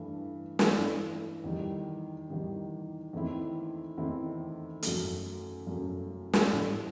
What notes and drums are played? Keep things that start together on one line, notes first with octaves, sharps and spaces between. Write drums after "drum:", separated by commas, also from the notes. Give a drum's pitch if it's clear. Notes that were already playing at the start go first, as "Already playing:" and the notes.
Already playing: G2 E3 A3
G2 E3 A3, drum: snare
E2 D#3 G3
E2 D#3 G3
E2 D#3 A3 C4 E4
E2 D#3 A3 C4 E4
F#2 F#3 A3, drum: hi-hat
F#2 F#3 A3
drum: snare
A2 E3 G3